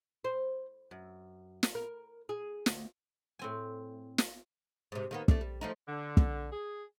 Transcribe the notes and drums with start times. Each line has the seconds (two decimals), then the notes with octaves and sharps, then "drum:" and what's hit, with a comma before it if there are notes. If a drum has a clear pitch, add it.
0.24 C5
0.91 F#2
1.63 drum: snare
1.75 A#4
2.29 G#4
2.66 D2, drum: snare
3.39 A2 C4 G#5
4.18 drum: snare
4.92 G#2 C3
5.11 D#3 A#3 B3
5.28 A3 D4, drum: kick
5.41 G3
5.61 F3 A3 D#4
5.88 D3
6.17 drum: kick
6.52 G#4